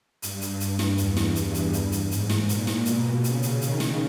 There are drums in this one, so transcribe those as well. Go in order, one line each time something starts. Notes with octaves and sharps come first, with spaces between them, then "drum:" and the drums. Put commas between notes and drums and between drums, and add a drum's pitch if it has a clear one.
G2, drum: hi-hat
drum: hi-hat
drum: hi-hat
drum: snare
E2, drum: hi-hat
drum: snare
G2, drum: hi-hat
drum: hi-hat
drum: hi-hat
drum: hi-hat
G#2, drum: hi-hat
drum: snare
A#2, drum: hi-hat
drum: snare
B2, drum: hi-hat
C#3, drum: hi-hat
drum: hi-hat
D#3, drum: hi-hat
drum: snare